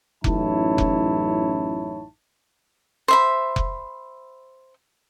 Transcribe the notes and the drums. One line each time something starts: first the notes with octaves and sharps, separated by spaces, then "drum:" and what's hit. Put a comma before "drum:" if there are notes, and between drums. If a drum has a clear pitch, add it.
A1 F#2 D#4 E4 C#5 A5, drum: kick F1
drum: kick F1
C5 E5 B5
drum: kick F1